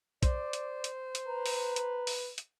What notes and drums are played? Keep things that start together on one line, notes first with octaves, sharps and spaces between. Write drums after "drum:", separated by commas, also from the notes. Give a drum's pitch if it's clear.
C5 D5, drum: kick B1, hi-hat
drum: hi-hat
drum: hi-hat
drum: hi-hat
B4 A#5
drum: open hi-hat
drum: hi-hat
drum: open hi-hat
drum: hi-hat